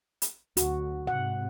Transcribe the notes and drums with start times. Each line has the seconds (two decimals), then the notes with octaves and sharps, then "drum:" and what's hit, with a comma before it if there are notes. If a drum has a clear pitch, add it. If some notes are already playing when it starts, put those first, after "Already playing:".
0.22 drum: hi-hat
0.57 D2 F#4, drum: hi-hat
1.07 G#2 C3 F#5